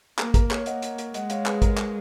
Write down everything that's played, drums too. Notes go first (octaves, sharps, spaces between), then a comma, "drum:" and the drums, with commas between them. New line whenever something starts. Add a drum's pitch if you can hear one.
A#3 A#4, drum: clap
A#4, drum: kick, hi-hat
A#4 C#5, drum: clap
A#3 D#5 F#5, drum: hi-hat
drum: hi-hat
drum: hi-hat
G#3 D#5 F#5, drum: hi-hat
C#5 F5, drum: hi-hat
G#4 B4, drum: clap
A#4, drum: kick, hi-hat
G#4, drum: clap